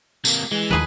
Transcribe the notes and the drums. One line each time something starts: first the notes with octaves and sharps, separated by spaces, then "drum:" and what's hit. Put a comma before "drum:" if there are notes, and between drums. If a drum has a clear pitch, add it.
C3 A#3, drum: tambourine
E3 G#3
D#2 D#3 F3 G#4 B4